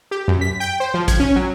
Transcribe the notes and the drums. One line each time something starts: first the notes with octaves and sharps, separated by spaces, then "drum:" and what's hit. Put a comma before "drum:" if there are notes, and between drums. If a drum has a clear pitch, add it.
G4
F#2
B6
G5
C5
F3
G#6, drum: kick A1, hi-hat
C#4
F#3